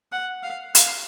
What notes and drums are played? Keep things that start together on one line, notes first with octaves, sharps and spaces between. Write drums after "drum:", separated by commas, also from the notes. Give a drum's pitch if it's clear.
F#5
F5
F5, drum: hi-hat